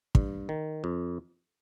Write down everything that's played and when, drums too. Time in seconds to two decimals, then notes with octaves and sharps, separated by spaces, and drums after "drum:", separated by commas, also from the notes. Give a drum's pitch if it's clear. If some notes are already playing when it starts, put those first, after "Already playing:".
0.15 G2, drum: kick
0.49 D#3
0.84 F2